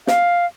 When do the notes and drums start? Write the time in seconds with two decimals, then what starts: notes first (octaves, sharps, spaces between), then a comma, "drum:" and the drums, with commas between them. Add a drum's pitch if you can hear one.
0.07 F5, drum: snare